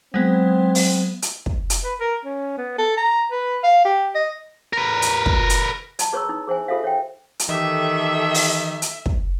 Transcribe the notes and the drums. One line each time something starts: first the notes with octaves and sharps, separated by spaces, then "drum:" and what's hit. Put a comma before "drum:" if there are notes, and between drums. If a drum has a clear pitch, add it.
F#3 G#3 B3 C4
drum: open hi-hat
drum: hi-hat
drum: kick
drum: hi-hat
B4
A#4
C#4
B3
A4
A#5
B4
F5
G4
D#5
A#4 B4
drum: hi-hat
drum: kick
drum: hi-hat
D5 A5, drum: hi-hat
G#4 B4 C#5 A#5 C#6 E6
D#4 E4 D#6
G#4 C5 E5 G#5
F4 G4 A4 C5 E5 F5
C#5 E5 G5
drum: hi-hat
D#3 E3 G4 A4 E5
drum: open hi-hat
drum: hi-hat
drum: kick